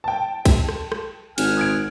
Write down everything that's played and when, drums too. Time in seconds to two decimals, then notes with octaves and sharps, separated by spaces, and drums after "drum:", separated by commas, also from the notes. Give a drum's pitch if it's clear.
0.04 G5 A5
0.45 drum: kick, cymbal
0.69 drum: rim click
0.92 drum: rim click
1.38 G#1 F#5 G#5 F6, drum: cymbal
1.57 D#6 G#6 D7